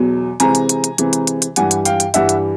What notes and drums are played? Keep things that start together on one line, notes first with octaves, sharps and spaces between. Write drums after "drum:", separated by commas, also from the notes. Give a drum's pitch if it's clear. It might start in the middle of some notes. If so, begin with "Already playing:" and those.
Already playing: E2 B2 F#3
C3 E3 G#3 C4 G#5 A#5, drum: hi-hat
drum: hi-hat
drum: hi-hat
drum: hi-hat
C3 E3 G#3 C4, drum: hi-hat
drum: hi-hat
drum: hi-hat
drum: hi-hat
G2 E3 G3 F#5 G#5, drum: hi-hat
drum: hi-hat
F5 G5, drum: hi-hat
drum: hi-hat
G2 E3 G3 E5 F#5, drum: hi-hat
drum: hi-hat